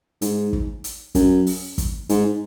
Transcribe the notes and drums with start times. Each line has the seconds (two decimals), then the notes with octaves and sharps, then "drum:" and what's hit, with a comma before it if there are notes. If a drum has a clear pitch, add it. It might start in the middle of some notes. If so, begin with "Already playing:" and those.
0.22 G#2, drum: hi-hat
0.53 drum: kick
0.84 drum: hi-hat
1.15 F#2, drum: kick, hi-hat
1.47 drum: open hi-hat
1.78 drum: kick, hi-hat
2.09 G#2, drum: hi-hat